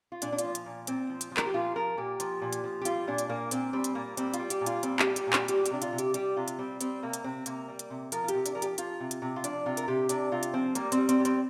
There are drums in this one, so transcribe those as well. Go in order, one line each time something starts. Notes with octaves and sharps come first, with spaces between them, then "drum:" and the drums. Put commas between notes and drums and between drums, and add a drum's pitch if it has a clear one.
F4
A#2 D4, drum: hi-hat
D4
F4, drum: hi-hat
F3
drum: hi-hat
A#2
A#2 C4, drum: hi-hat
F3
drum: hi-hat
F3
A#4, drum: clap
G4
A#2 F4
F3 A#4
A#2 G4
F3, drum: hi-hat
A#2
drum: hi-hat
F3
G4
G3 F4, drum: hi-hat
A#2 D4
drum: hi-hat
A#2 A#3
A#2 C4, drum: hi-hat
G3 C4
drum: hi-hat
A#2 A#3
G3 C4, drum: hi-hat
F4, drum: hi-hat
G3
G4, drum: hi-hat
A#2
F4, drum: hi-hat
G3 C4, drum: hi-hat
G4, drum: clap
G3
G4, drum: hi-hat
A#2
G4, drum: clap
G3 G4, drum: hi-hat
G4, drum: hi-hat
C3 D4
F4, drum: hi-hat
C3
G4, drum: hi-hat
G3 G4, drum: hi-hat
C3 F4
drum: hi-hat
G3 C4
G3 C4, drum: hi-hat
C3 A#3
drum: hi-hat
C3 C4
C3 A#3, drum: hi-hat
G3
drum: hi-hat
C3
F3 A#4, drum: hi-hat
F4
G4, drum: hi-hat
C3
D4, drum: hi-hat
F3 A#4
G4, drum: hi-hat
F3 F4, drum: hi-hat
C3
drum: hi-hat
C3
F4
F3 D4, drum: hi-hat
C3 F4
A#4, drum: hi-hat
C3 G4
C3 D4, drum: hi-hat
C3 F4
drum: hi-hat
F3 C4
G3 A#3, drum: hi-hat
C4, drum: hi-hat
G3
C4, drum: hi-hat
G3
C4, drum: hi-hat